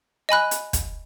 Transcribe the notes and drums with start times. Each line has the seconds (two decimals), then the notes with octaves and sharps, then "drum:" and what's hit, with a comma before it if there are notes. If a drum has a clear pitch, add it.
0.29 D#5 G#5 B5 F#6
0.51 drum: hi-hat
0.73 drum: kick, hi-hat